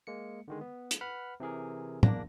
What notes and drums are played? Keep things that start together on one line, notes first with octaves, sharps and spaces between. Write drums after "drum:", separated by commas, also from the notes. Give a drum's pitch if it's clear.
G#3 A#3 C#7
D3 D#3 G#3
B3
drum: hi-hat
B4 F#5 B5 F6
C3 E3 G#4 A#4
A#1 E2 A#3 D4 A#6, drum: tom